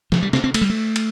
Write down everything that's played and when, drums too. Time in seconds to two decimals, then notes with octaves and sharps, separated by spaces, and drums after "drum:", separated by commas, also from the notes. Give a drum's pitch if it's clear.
0.12 F3, drum: snare
0.23 G3
0.33 C4, drum: snare
0.44 C4
0.54 A3, drum: cymbal
0.61 G3
0.70 A3
0.96 drum: cymbal